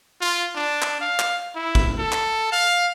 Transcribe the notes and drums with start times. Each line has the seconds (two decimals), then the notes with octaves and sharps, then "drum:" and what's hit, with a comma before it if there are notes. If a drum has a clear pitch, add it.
0.21 F4
0.56 D4
0.82 drum: clap
1.01 F5
1.19 drum: clap
1.56 E4
1.75 drum: kick
1.98 A4
2.12 drum: clap
2.52 F5